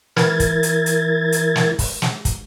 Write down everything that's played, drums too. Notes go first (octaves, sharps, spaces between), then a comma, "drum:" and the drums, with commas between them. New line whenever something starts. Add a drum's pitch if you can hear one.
E3 E4 A#4 G#6 A6, drum: snare
drum: kick, hi-hat
drum: hi-hat
drum: hi-hat
drum: hi-hat
drum: snare
drum: kick, open hi-hat
drum: snare
drum: kick, hi-hat